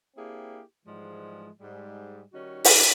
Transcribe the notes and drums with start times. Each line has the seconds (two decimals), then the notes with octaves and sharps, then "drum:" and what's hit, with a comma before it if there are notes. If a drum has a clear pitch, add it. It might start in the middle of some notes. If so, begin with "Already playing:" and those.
0.16 A#3 C4 D4 E4 G4 G#4
0.86 G#2 E3 F3 G3 G#3
1.60 G#2 G3 G#3
2.33 D#3 G3 C#4 D#4 F#4
2.64 drum: open hi-hat